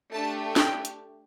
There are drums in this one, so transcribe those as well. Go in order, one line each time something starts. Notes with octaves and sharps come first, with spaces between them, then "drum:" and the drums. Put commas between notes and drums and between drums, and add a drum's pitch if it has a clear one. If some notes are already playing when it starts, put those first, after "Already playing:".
A3 D4 G4 A5
G5, drum: snare
drum: hi-hat